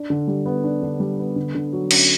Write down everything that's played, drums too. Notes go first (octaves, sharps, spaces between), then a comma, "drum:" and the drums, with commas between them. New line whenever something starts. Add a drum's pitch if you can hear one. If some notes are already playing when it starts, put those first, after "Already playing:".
Already playing: D4
D3
G3
B3
D4
D3
G3
B3
D3
D3
F#3
C#4, drum: cymbal